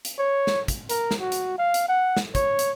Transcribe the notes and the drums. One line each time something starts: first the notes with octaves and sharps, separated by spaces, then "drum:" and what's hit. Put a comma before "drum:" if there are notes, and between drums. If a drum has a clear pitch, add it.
drum: hi-hat
C#5
drum: snare
drum: kick, hi-hat
A#4, drum: hi-hat
drum: snare
F#4
drum: hi-hat
F5
drum: hi-hat
F#5
drum: snare
C#5, drum: kick, hi-hat
drum: hi-hat